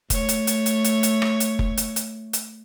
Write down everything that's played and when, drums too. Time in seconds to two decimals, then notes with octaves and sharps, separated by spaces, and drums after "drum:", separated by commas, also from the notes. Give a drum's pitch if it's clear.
0.10 A3 C#5, drum: kick F1, hi-hat
0.29 drum: hi-hat
0.47 drum: hi-hat
0.66 drum: hi-hat
0.85 drum: hi-hat
1.03 drum: hi-hat
1.22 drum: rim click
1.40 drum: hi-hat
1.59 drum: kick F1
1.78 drum: hi-hat
1.96 drum: hi-hat
2.33 drum: hi-hat